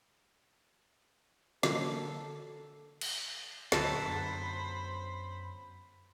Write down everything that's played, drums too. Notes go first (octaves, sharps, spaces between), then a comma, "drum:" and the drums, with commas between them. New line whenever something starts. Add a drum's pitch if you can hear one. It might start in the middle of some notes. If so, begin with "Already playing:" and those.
D3 F#3 A#3 A4, drum: snare
drum: cymbal
D2 A#2 D3 F#3 B3 C5 A5 B5, drum: snare
F#2